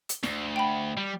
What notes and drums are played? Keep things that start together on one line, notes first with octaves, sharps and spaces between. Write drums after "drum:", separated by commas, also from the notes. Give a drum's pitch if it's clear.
drum: hi-hat
D2, drum: snare
G5 B5
G3